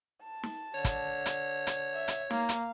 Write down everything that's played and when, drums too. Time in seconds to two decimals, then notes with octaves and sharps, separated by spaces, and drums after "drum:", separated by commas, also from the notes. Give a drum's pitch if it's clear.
0.23 A5
0.43 drum: snare
0.74 D3 C#5
0.85 drum: kick, hi-hat
1.26 drum: hi-hat
1.67 drum: hi-hat
1.94 E5
2.08 drum: hi-hat
2.31 A#3 F5, drum: snare
2.49 drum: hi-hat